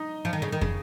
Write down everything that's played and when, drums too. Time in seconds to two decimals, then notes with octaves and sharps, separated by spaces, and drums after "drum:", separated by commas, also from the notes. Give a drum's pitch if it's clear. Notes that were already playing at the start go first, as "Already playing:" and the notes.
Already playing: D#4 D#5
0.25 F3
0.33 D#3
0.42 C#3
0.52 D#3
0.61 C#3, drum: kick